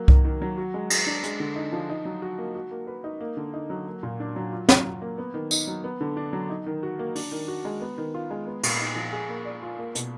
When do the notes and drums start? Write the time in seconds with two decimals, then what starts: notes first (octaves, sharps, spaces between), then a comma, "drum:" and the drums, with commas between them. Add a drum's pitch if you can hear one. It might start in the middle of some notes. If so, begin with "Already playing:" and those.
Already playing: F#3 A#3
0.08 D#3, drum: kick C2
0.25 D#3
0.42 F#3
0.58 F#4
0.74 G#3
0.90 G#3, drum: cymbal
1.07 D4
1.24 G#3, drum: hi-hat
1.40 D3
1.56 D#4
1.73 F3
1.90 D#4
2.05 F#3
2.22 F#4
2.38 A#3
2.55 F#4
2.71 A#3
2.87 B4
3.04 D#4
3.20 A#3
3.37 D3
3.54 D#4
3.70 F#3
3.87 A#3
4.03 A#2
4.20 D4
4.36 F#3
4.53 F4
4.69 F#3, drum: snare
4.85 F#3
5.02 A#3
5.18 B3
5.34 D#3
5.51 D#4, drum: tambourine
5.67 F#3
5.84 B3
6.01 D3
6.17 D4
6.33 F#3
6.50 D#4
6.66 D#3
6.83 F#4
6.99 A#3
7.16 D4, drum: open hi-hat
7.32 D#3
7.48 F#4
7.65 G#3
7.81 B3
7.98 D#3
8.14 F4
8.30 G#3
8.47 B3
8.63 A#2, drum: cymbal
8.80 D#4
8.96 F3
9.13 G#4
9.29 A#3
9.45 D5
9.62 F4
9.78 A#3
9.95 B2, drum: hi-hat